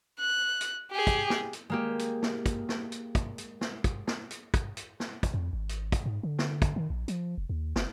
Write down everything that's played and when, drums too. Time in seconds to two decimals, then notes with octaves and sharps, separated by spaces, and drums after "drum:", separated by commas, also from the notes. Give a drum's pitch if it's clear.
0.19 F#6
0.61 drum: hi-hat
0.91 G4 G#4
1.07 drum: kick, hi-hat
1.30 drum: snare
1.53 drum: hi-hat
1.70 G#3 A#3 G4
1.99 drum: hi-hat
2.22 drum: snare
2.46 drum: kick, hi-hat
2.69 drum: snare
2.92 drum: hi-hat
3.15 drum: kick, hi-hat
3.38 drum: hi-hat
3.61 drum: snare
3.84 drum: kick, hi-hat
4.07 drum: snare
4.31 drum: hi-hat
4.54 drum: kick, hi-hat
4.77 drum: hi-hat
5.00 drum: snare
5.23 drum: kick, hi-hat
5.34 F2
5.53 G#1
5.69 drum: hi-hat
5.92 drum: kick, hi-hat
6.06 G#2
6.23 D3
6.39 drum: snare
6.62 drum: kick, hi-hat
6.76 D#3
6.90 A#1
7.08 F3, drum: hi-hat
7.38 F1
7.49 D#2
7.76 F#1, drum: snare